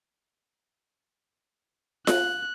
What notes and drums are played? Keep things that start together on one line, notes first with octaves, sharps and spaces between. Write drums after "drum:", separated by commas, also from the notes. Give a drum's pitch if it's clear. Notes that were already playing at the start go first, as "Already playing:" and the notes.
F#6, drum: snare F4